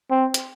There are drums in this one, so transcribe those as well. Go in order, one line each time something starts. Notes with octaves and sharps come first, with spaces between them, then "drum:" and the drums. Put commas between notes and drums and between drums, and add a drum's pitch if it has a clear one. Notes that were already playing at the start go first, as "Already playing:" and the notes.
C4
drum: hi-hat